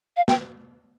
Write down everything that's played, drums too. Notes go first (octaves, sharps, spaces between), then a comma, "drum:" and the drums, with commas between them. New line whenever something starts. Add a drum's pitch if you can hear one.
F5
G5, drum: snare